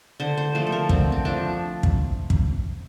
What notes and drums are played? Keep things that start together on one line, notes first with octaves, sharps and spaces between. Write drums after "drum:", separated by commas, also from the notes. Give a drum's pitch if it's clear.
D3 C5
C5
F3 A3 C5
A4
A#4
D3 C4, drum: kick
C4
F3 A3 D4
drum: kick
drum: kick